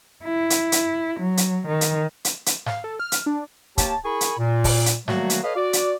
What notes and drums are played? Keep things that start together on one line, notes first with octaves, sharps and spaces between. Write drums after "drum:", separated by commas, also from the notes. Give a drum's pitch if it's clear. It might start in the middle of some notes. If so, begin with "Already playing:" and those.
E4
drum: hi-hat
drum: hi-hat
F#3
drum: hi-hat
D#3
drum: hi-hat
drum: hi-hat
drum: hi-hat
F5, drum: snare G#2
A4
F6
drum: hi-hat
D4
A#3 G4 C#5 A5, drum: kick, hi-hat
E4 G#4 A#4 G#5 B5 C#6
drum: hi-hat
A#2
drum: kick, open hi-hat
drum: hi-hat
D#3 F#3 G3 A3 A#3 F#4, drum: snare G#2
drum: hi-hat
A4 B4 C#5 D#5 F5
F#4 D5
drum: hi-hat